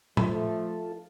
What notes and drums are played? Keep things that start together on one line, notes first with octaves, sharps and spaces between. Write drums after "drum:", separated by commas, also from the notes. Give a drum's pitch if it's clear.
F3 A3 F4 A4, drum: tom A2